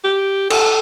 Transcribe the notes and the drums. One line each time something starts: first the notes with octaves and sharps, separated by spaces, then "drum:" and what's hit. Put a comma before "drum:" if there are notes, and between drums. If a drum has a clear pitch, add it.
G4
A4, drum: cymbal